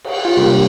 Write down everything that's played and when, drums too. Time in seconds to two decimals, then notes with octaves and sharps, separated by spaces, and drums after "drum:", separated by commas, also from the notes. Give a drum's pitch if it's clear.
0.04 drum: cymbal
0.25 F4
0.36 C3 G3 A#3 D4 G4